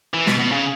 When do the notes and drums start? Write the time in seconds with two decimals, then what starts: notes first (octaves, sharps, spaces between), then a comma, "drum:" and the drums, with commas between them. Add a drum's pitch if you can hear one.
0.14 E3
0.27 B2, drum: snare
0.39 B2
0.51 C#3